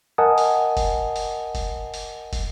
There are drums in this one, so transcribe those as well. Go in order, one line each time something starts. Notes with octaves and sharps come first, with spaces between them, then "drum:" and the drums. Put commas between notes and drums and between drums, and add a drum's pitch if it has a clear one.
A#4 D#5 F#5 G#5 A5 D#6
drum: open hi-hat
drum: kick, open hi-hat
drum: open hi-hat
drum: kick, open hi-hat
drum: open hi-hat
drum: kick, open hi-hat